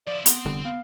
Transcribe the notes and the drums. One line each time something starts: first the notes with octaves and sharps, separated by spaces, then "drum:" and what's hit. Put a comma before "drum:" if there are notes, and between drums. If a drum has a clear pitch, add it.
F3 E4 D5
B3 C4 C6, drum: hi-hat
F1 D3 G3
B3 F5